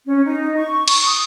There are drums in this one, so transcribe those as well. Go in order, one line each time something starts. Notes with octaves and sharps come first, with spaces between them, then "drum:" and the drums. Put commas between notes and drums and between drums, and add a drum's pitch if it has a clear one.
C#4
D#4
C#6
drum: cymbal
D#6